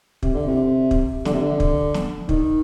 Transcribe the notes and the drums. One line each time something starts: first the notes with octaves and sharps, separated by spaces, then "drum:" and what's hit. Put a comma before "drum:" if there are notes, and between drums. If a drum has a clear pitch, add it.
C3, drum: kick
D3
C3
drum: kick
D3, drum: snare
C3
D3
drum: kick
drum: snare
D#3, drum: kick